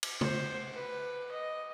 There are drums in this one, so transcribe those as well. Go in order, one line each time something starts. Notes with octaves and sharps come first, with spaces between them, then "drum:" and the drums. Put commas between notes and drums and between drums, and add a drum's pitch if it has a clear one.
drum: cymbal
C5, drum: tom C#3
B4
D#5